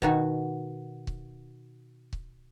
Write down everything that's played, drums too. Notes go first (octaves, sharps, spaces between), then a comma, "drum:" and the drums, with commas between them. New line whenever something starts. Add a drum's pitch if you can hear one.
B2 D#3 F#4, drum: kick C#1
drum: kick C#1
drum: kick C#1